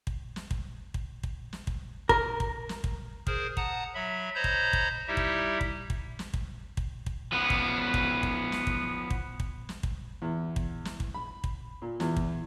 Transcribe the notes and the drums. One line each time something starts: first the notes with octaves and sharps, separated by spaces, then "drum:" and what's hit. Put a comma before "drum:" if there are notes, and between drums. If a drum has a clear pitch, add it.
drum: kick
drum: snare
drum: kick
drum: kick
drum: kick
drum: snare
drum: kick
A#4, drum: kick
drum: kick
drum: snare
drum: kick
G#4 A#4 C5, drum: kick
F#5 A5 A#5 D#6, drum: kick
F#3 E5 B5
C5 C#5 D#5 A#5 B5 G6
drum: kick
drum: kick
G3 D#4 E4 G4 E5
drum: kick
drum: kick
drum: kick
drum: snare
drum: kick
drum: kick
drum: kick
F3 B3
drum: kick
drum: kick
drum: kick
drum: snare
drum: kick
drum: kick
drum: kick
drum: snare
drum: kick
E2
drum: kick
drum: snare
drum: kick
B5
drum: kick
A#2
E2, drum: snare
drum: kick